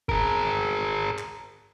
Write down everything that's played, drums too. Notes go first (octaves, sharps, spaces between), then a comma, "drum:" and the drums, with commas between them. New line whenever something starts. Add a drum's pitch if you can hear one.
G#4 A#4, drum: kick F1
drum: clap